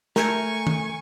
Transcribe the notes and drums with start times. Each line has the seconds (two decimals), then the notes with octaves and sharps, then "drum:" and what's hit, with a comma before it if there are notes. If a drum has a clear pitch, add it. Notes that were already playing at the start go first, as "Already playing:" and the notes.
0.16 A3 A#4 G#5 A#5 C#6 G6 G#6, drum: snare
0.67 drum: tom D#3